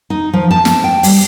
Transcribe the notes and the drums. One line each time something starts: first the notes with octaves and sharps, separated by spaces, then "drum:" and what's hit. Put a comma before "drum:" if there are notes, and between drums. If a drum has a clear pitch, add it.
D#4
F3
A5
drum: snare
G5
G3, drum: open hi-hat